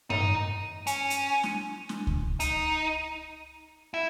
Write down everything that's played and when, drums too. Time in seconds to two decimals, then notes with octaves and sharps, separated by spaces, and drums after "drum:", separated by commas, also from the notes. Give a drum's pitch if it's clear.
0.10 D#4, drum: tom G2
0.87 C#4, drum: hi-hat
1.10 drum: hi-hat
1.43 drum: snare
1.89 drum: snare
2.07 drum: kick C#2
2.40 D#4, drum: hi-hat
3.94 E4